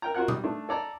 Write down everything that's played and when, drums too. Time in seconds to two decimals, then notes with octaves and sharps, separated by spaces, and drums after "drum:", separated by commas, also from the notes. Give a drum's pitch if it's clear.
0.02 A#4 G5 A#5
0.14 F4 F#4 A#4 F#5 F#6
0.28 G3 D6 D#6, drum: tom A#2
0.44 A3 D4
0.69 A4 D5 A#5